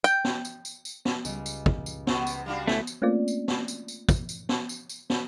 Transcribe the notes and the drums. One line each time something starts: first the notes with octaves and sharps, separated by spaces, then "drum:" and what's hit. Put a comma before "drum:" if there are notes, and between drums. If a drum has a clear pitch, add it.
G5, drum: tambourine
drum: snare
drum: tambourine
drum: tambourine
drum: tambourine
drum: snare
C#2 G3, drum: tambourine
drum: tambourine
drum: kick
drum: tambourine
C3 B3 C#6, drum: snare
drum: tambourine
G3 D4 F#4 F5
A3 E4 G5 G#5 F#6, drum: snare
drum: tambourine
A3 A#3 C4 C#4 F4 D5
drum: tambourine
drum: snare
drum: tambourine
drum: tambourine
drum: kick, tambourine
drum: tambourine
drum: snare
drum: tambourine
drum: tambourine
drum: snare